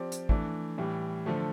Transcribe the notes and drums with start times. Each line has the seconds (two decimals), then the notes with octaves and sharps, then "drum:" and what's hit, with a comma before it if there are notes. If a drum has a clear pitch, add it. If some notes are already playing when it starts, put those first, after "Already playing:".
Already playing: F3 C4 G4 D5
0.12 drum: hi-hat
0.29 E3 A3 D4, drum: kick
0.78 A2 E3 G3
1.26 D3 F3 A3